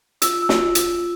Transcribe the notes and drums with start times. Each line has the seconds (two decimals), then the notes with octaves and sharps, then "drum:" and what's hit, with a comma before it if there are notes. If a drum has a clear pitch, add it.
0.22 F4 E6, drum: hi-hat
0.42 E6
0.49 F4, drum: snare
0.75 drum: hi-hat